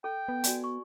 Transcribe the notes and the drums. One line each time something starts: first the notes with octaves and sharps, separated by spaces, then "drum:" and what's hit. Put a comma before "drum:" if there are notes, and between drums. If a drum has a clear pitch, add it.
A4 G5
B3
F#4 D5 G#5, drum: hi-hat
C#6